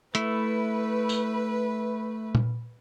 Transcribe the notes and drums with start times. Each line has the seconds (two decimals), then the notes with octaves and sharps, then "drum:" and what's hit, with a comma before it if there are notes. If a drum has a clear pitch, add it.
0.15 A3 E4 B4, drum: hi-hat
1.09 drum: tambourine
2.35 drum: tom A#2